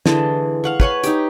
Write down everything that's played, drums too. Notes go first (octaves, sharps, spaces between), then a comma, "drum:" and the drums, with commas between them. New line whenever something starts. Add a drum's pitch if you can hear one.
D3 E3 G#3 A5, drum: snare
F5 F#5 C#6
B4 C#5 F#5 G#5, drum: kick
D#4 G4, drum: hi-hat